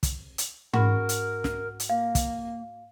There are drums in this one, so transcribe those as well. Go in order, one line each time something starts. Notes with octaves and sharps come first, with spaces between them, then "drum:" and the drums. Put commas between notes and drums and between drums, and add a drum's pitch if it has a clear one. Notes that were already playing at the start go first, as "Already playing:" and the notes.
drum: kick, hi-hat
drum: hi-hat
G#2 C#4 F#4 A#4 B5, drum: tom G#2
drum: hi-hat
drum: snare
drum: hi-hat
A#3 F5
drum: kick, hi-hat